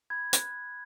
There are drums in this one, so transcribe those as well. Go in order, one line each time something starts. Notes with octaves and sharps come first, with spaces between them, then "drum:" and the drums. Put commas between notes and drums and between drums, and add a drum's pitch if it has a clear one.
B5 G#6
F#6, drum: hi-hat